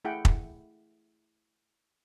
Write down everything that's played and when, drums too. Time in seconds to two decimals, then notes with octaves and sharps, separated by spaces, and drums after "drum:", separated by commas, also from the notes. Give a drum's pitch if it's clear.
0.04 A3 E4 G#4 F#5 G5
0.25 drum: kick